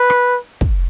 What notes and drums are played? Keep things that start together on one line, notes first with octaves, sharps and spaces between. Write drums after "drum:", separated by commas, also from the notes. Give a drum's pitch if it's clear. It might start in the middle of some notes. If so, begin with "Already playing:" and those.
Already playing: B4
drum: rim click
drum: kick